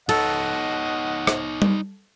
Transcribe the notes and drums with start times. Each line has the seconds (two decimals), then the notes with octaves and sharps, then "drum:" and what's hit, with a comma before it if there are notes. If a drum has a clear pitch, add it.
0.09 D#4 A4 C#5 D#5 F#5, drum: cymbal
1.27 drum: rim click
1.62 drum: tom G3